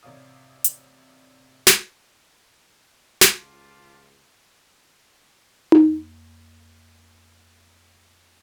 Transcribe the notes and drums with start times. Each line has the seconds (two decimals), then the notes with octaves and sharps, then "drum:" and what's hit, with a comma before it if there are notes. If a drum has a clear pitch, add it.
0.03 A1 C3 C#5 D5 F5 D#6
0.64 drum: hi-hat
1.67 drum: snare
3.21 C#2 F4 G4 A5 D6, drum: snare
5.72 F2 A#3, drum: tom D#4